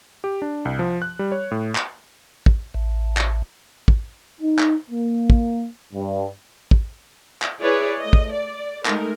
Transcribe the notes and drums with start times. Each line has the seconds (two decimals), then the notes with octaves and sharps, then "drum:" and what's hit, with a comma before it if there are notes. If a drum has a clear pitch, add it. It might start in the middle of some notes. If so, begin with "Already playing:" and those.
0.24 G4
0.42 D4
0.65 C2
0.79 F3
1.02 F#6
1.19 G3
1.32 C#5
1.51 A2
1.75 drum: clap
2.46 drum: kick
2.74 A1
3.17 drum: clap
3.88 drum: kick
4.41 D#4
4.59 drum: clap
4.90 A#3
5.30 drum: kick
5.94 G2
6.71 drum: kick
7.42 drum: clap
7.60 E4 G#4 B4 C#5 D5
8.00 A3 D#5
8.13 drum: kick
8.33 D5
8.86 G#3 A3 D#4 A#4, drum: clap